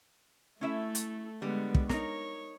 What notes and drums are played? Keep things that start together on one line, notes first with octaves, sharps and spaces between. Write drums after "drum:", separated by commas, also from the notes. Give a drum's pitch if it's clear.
A3 C#4 E4 A4 E5
drum: hi-hat
D3 G3 G#3 B3
drum: kick
D#4 A#4 C#5, drum: snare